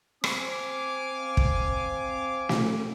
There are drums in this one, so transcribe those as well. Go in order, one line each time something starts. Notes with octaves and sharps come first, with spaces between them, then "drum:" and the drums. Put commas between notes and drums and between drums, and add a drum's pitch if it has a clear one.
C4 F5 G#5 D6, drum: rim click
drum: kick
drum: snare